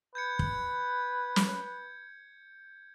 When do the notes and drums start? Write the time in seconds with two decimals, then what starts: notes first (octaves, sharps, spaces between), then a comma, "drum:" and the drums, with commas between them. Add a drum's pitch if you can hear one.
0.15 B4 G6 G#6 C#7
0.39 drum: kick
1.36 drum: snare